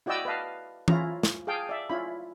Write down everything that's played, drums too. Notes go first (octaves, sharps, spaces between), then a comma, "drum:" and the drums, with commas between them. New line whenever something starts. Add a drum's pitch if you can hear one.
E4 F#4 D5 D#5 G5 E6
B4 D#5 F5 A5
C#4 E4 F4 A#5, drum: tom
drum: snare
G#4 F5 G5 A5
D5 E5
C#4 E4 F4 B5